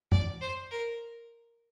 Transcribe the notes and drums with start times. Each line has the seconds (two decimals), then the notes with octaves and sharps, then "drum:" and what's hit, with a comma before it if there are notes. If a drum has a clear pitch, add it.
0.12 D5, drum: tom F#2
0.41 C5
0.71 A#4